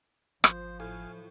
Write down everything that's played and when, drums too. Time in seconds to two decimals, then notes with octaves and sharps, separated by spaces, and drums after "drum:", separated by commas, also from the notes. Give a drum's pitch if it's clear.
0.44 G#1 F3 C5, drum: rim click
0.80 A2 F5 G#5